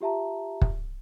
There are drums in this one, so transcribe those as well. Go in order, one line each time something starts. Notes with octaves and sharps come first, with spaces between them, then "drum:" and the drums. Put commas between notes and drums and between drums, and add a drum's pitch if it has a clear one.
F4 G4 E5 A5 A#5
drum: kick